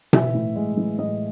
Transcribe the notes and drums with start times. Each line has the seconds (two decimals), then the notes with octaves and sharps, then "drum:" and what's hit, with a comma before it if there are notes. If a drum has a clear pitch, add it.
0.13 E3 E5, drum: tom B2
0.34 A2
0.56 G#3
0.77 E3
0.98 A2 D#5